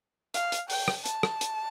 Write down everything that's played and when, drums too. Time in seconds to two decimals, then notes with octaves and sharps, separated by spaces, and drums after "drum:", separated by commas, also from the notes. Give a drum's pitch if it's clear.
0.34 F5, drum: hi-hat
0.52 drum: hi-hat
0.70 G5, drum: open hi-hat
0.88 drum: rim click
1.06 A5, drum: hi-hat
1.23 drum: rim click
1.41 drum: hi-hat